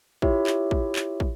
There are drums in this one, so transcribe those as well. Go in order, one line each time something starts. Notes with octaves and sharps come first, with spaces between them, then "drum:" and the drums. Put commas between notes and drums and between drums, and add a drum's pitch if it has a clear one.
E4 F4 G4 C#5 E5, drum: kick
drum: clap
drum: kick
drum: clap
drum: kick